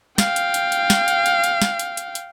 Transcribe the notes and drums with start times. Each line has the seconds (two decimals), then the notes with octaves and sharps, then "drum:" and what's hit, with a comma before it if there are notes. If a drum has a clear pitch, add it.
0.18 F5 G5, drum: snare
0.36 drum: hi-hat
0.54 drum: hi-hat
0.72 drum: hi-hat
0.90 drum: snare
1.08 drum: hi-hat
1.26 drum: hi-hat
1.44 drum: hi-hat
1.62 drum: snare
1.79 drum: hi-hat
1.97 drum: hi-hat
2.15 drum: hi-hat